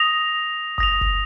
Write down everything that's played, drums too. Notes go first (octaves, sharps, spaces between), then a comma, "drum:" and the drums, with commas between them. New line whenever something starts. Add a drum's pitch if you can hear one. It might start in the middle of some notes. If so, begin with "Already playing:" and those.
Already playing: D#6 A#6 F7
D#6 A#6 F7, drum: kick F#1
drum: kick F#1